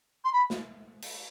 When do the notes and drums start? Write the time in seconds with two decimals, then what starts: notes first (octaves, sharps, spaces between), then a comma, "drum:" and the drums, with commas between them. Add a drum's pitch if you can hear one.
0.24 C6
0.33 B5
0.50 drum: snare
1.02 drum: cymbal